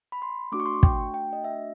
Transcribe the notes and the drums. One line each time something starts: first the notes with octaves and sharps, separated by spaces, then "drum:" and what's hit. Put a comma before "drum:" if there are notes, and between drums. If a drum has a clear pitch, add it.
B5
C6
A3 D4 F#4 D6
C#6
C6
C#6
G5, drum: kick
G5
D#5
E5